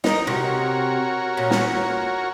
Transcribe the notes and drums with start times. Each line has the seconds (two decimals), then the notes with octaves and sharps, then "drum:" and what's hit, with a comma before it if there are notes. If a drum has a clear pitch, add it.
0.04 D#4 A#4 D#5, drum: snare
0.27 C3 F#4 A#4 C#5
1.37 A#2 C#4
1.51 drum: snare